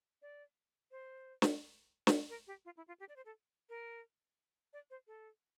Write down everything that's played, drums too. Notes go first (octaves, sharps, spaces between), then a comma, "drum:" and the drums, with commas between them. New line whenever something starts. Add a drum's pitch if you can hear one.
D5
C5
drum: snare
drum: snare
A#4
G4
F4
E4
F4
G4
D5
C5
A4
A#4
D5
C5
A4